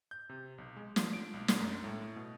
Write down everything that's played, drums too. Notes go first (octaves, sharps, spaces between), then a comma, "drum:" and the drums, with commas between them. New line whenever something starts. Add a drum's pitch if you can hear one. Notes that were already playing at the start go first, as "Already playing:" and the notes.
G6
C3
B1
G#3
F3, drum: snare
D7
B1
drum: snare
F#2
A2
B2